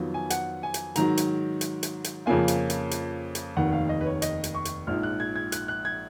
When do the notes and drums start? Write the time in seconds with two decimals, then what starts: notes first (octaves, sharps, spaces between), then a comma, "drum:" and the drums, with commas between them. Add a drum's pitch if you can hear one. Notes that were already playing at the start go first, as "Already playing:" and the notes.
Already playing: F2 D#3 F#3 B3 F4
0.14 G#5
0.30 F#5, drum: hi-hat
0.63 G#5
0.74 drum: hi-hat
0.96 G#2 D#3 F#3 A#5, drum: hi-hat
1.17 drum: hi-hat
1.61 drum: hi-hat
1.83 drum: hi-hat
2.04 drum: hi-hat
2.26 F2 C#3 F3 A#3 F4 G#5
2.48 drum: hi-hat
2.70 drum: hi-hat
2.91 drum: hi-hat
3.35 drum: hi-hat
3.57 F1 D#2 D#3 F#5
3.73 F5
3.89 D#5
4.01 B4
4.06 C#5
4.22 D#5, drum: hi-hat
4.44 drum: hi-hat
4.54 C#6
4.65 drum: hi-hat
4.87 A#1 G#2 F3 F6
5.03 F#6
5.20 G#6
5.36 G#6
5.52 F#6, drum: hi-hat
5.68 F#6
5.85 G#6